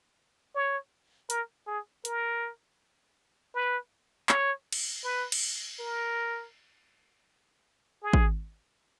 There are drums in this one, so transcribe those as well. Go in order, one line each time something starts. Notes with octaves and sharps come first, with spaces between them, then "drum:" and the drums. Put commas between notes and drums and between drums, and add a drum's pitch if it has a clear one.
C#5
A#4, drum: hi-hat
G#4
A#4, drum: hi-hat
B4
C#5, drum: clap
drum: cymbal
B4
drum: cymbal
A#4
G#4
drum: kick